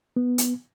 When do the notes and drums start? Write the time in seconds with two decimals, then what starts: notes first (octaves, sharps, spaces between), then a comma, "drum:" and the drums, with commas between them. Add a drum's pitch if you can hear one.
0.16 B3
0.38 drum: hi-hat